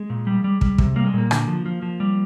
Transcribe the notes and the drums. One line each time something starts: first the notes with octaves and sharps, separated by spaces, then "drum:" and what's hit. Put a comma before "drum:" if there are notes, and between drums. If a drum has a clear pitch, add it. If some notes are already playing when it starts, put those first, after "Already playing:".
Already playing: G#3
A#2
G3
G3
G3, drum: kick
C3, drum: kick
G3 A#3
G#3
A#2 A#3
D3, drum: rim click
F3
F3
F3
G3